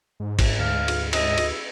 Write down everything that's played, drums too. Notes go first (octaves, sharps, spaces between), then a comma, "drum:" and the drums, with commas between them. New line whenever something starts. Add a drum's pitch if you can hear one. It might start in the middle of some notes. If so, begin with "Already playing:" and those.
G#2
drum: kick, cymbal
D2 F5
drum: cymbal
E4 D#5, drum: cymbal
drum: cymbal